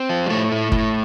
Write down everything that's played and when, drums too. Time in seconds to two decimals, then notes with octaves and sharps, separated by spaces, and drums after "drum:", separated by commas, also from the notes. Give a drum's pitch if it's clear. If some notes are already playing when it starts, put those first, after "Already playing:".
Already playing: C4
0.09 F3
0.26 G3
0.30 A2 A3
0.52 A2
0.72 A2, drum: kick G1